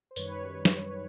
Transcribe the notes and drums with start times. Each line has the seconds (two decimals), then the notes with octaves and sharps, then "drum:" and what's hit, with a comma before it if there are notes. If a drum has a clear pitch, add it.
0.11 C5
0.16 F#2 D#3 G3 B4 C#5, drum: tambourine
0.65 drum: snare